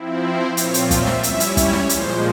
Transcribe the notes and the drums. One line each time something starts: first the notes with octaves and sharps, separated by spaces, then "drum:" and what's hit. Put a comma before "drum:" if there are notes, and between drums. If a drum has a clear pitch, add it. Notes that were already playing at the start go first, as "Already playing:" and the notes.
Already playing: F3 C4 E4
C5
A#2 F3 C4 F4 C#5, drum: hi-hat
drum: hi-hat
E5, drum: kick, hi-hat
drum: snare
G3 C#4 E4 E5, drum: hi-hat
drum: hi-hat
C#5, drum: kick, hi-hat
drum: snare
A#2 F3 G#3 C5, drum: hi-hat